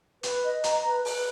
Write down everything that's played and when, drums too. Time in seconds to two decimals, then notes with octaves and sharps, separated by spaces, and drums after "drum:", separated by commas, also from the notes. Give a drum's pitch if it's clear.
0.23 B4, drum: hi-hat
0.44 D#5
0.64 A#5, drum: hi-hat
0.85 B4
1.05 B4, drum: open hi-hat